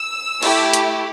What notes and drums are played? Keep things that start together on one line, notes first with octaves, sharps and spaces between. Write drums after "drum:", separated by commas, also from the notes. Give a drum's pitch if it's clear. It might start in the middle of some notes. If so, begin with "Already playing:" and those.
Already playing: E6
A3 E4 G4, drum: cymbal
drum: hi-hat